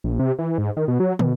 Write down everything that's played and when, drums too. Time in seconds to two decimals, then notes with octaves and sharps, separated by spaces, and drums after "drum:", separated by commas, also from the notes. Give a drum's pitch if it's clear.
0.04 A#1
0.19 C3
0.39 E3
0.58 G#2
0.77 D#3
0.88 B2
1.00 F#3
1.19 B2, drum: tom